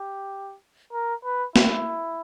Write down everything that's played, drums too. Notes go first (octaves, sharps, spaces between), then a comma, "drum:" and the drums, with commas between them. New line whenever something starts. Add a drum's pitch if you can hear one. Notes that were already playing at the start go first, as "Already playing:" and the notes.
Already playing: G4
A#4
B4
E4, drum: snare